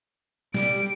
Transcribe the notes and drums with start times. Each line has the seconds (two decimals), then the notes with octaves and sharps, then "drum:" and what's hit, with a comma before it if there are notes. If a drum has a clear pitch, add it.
0.54 G3 D7, drum: snare